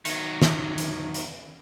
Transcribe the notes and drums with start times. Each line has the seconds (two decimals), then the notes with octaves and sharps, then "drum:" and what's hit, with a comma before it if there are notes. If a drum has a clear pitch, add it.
0.05 D#3 F#3, drum: hi-hat
0.42 drum: snare
0.78 drum: hi-hat
1.14 drum: hi-hat